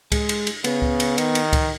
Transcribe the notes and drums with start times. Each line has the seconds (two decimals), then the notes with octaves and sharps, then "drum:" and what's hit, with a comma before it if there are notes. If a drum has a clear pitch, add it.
0.12 G#3, drum: kick C#2, cymbal
0.29 drum: cymbal
0.47 drum: cymbal
0.64 C#3 B3, drum: cymbal
0.82 drum: kick C#2
1.00 drum: cymbal
1.18 D#3, drum: cymbal
1.35 drum: cymbal
1.53 drum: kick C#2, cymbal